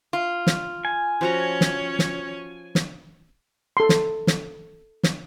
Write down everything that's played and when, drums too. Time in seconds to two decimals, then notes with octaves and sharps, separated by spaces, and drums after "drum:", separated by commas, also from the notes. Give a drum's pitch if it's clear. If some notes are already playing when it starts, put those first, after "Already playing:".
0.13 F4
0.47 drum: snare
0.85 G#5
1.21 F3 C#4 F#4 C#5 A#5
1.61 drum: snare
1.99 drum: snare
2.75 drum: snare
3.77 A4 C6
3.89 drum: snare
4.27 drum: snare
5.03 drum: snare